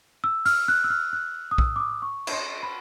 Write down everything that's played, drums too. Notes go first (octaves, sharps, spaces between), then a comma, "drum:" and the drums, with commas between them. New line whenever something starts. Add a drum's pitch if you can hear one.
E6
F6, drum: open hi-hat
F#6
E6
F6
F#6
D#6
E6, drum: kick B1
D6
D#6
C#6
B5, drum: cymbal
C6
B5